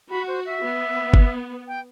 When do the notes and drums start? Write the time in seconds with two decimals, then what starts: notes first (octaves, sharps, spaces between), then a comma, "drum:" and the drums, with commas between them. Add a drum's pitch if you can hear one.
0.10 F#4 B5
0.28 C5
0.46 E5
0.63 B3
1.14 drum: kick G1
1.68 G5